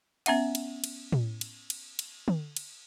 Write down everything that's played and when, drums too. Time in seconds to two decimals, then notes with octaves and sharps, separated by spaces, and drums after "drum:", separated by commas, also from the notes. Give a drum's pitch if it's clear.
0.26 B3 C#4 E5 F#5, drum: cymbal
0.55 drum: cymbal
0.84 drum: cymbal
1.12 drum: tom A2
1.41 drum: cymbal
1.70 drum: cymbal
1.99 drum: cymbal
2.28 drum: tom
2.56 drum: cymbal